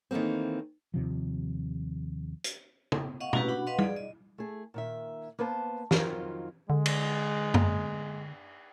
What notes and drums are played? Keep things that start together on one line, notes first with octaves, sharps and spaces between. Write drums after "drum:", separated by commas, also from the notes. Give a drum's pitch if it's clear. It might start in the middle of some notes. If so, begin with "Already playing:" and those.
D#3 E3 A3 A#3 C4
D#2 C3 F3
drum: hi-hat
drum: tom
D#5 F5 F#5 C#6
A3 C#4 E4 F#4 G4 B4, drum: tom
D4 F#4 F#5 B5
B4 D#5 F5 F#5 C6
G#4 D5, drum: tom G3
D#5
A3 G#4
A#2 D#3 E5
A#3 B3 B4 C5 A5
F2 D#3 F#3 C4 F4, drum: snare
D3 G#3
drum: cymbal
drum: tom F#2